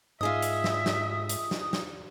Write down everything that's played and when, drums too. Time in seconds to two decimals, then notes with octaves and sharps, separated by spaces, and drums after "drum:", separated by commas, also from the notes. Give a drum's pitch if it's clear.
0.21 G#2 F4 G#4 D#5 E5 D#6
0.42 drum: hi-hat
0.64 drum: snare
0.86 drum: snare
1.29 drum: hi-hat
1.51 drum: snare
1.73 drum: snare